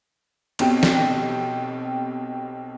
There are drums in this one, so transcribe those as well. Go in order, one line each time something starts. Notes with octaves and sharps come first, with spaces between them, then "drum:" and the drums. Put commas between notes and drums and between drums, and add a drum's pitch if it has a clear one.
B1 B2 C4 G4, drum: cymbal
drum: snare